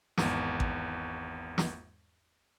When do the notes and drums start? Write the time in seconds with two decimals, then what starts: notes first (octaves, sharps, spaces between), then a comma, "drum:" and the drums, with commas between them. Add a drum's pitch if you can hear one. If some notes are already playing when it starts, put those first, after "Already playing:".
0.18 G#1 E2, drum: snare
0.60 drum: kick A1
1.58 drum: snare